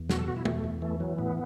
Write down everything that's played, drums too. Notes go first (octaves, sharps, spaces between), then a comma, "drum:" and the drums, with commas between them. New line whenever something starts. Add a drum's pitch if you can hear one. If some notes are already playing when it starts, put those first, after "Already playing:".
Already playing: E2
B2 F#4, drum: snare
A4
B2 F#4
E4
E2 A3, drum: tom
E2
E3 A3
E3 F#3
A2 B3